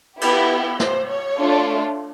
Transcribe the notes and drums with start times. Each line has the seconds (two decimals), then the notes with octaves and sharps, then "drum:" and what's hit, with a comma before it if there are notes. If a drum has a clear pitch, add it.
0.21 B3 E4 G4, drum: cymbal
0.80 C5, drum: snare
1.08 C#5
1.37 A3 D4 F4 A4